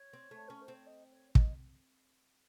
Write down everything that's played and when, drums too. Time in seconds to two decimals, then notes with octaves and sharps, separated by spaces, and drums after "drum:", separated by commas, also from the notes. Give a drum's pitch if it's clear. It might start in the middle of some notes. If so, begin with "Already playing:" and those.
Already playing: C#5
0.13 C4
0.31 A3
0.49 C#4 A4
0.62 C5
0.68 C4
0.74 C#5
0.87 D#5
1.12 C#5
1.35 D#5, drum: kick